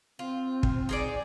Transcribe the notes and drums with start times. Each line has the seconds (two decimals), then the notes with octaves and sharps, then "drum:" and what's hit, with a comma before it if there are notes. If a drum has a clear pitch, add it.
0.19 C4 F4
0.63 drum: kick
0.89 D#4 G#4 D5